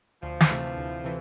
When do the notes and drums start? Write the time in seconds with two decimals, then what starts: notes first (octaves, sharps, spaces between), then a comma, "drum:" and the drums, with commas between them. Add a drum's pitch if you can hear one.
0.22 D2 F3
0.41 drum: snare
0.50 C3 E3 A3
0.77 D2
1.04 C3 E3